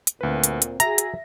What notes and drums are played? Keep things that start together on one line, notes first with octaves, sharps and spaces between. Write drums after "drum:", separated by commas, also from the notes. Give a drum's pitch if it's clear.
drum: hi-hat
D2 A#2 C4 B4
drum: hi-hat
drum: hi-hat
F#4 G#4 E5 A#5 A#6, drum: hi-hat
drum: hi-hat